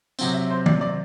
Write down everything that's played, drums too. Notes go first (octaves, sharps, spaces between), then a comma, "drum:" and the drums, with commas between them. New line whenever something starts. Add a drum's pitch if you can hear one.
C3 F#3 C4, drum: tambourine
E5
C5
D5, drum: tom
D5